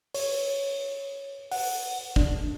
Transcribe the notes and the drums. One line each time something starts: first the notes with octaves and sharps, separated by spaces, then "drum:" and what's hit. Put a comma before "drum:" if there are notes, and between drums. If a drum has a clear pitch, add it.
C#5, drum: open hi-hat
F#5, drum: open hi-hat
D4, drum: kick